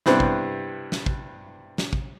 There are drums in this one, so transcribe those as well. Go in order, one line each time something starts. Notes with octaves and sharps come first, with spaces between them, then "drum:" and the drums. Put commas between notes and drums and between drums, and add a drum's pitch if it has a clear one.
G2 C3 B3 C4 E4, drum: snare
drum: kick
drum: snare
drum: kick
drum: snare
drum: kick